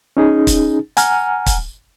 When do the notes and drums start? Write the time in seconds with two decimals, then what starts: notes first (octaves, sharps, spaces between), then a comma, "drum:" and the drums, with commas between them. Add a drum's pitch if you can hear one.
0.17 C#4 D#4 G#4
0.47 drum: kick, hi-hat
0.97 F#5 G#5 A#5 F6, drum: hi-hat
1.46 drum: kick, hi-hat